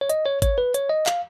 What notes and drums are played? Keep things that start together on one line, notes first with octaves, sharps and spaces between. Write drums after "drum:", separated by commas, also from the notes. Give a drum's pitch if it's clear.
C#5
D#5, drum: hi-hat
C#5
C#5, drum: kick G#1, hi-hat
B4
C#5, drum: hi-hat
D#5
F5, drum: clap